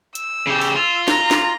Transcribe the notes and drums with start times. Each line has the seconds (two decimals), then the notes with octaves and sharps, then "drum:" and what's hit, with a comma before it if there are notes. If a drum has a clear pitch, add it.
0.15 E6, drum: hi-hat
0.47 C#3 G4
0.61 drum: open hi-hat
0.76 F4
1.08 A#5, drum: snare
1.31 drum: snare